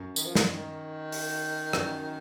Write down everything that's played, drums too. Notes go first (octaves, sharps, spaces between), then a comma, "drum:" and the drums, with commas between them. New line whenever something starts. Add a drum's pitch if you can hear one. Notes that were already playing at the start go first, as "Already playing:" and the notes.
Already playing: F#2
D#3, drum: tambourine
F3
D#3, drum: snare
D#3
drum: open hi-hat
F#2, drum: rim click